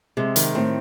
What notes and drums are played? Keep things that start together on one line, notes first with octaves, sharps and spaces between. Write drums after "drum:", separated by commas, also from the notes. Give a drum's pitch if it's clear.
C3 G#3
D#3, drum: hi-hat
A2 C4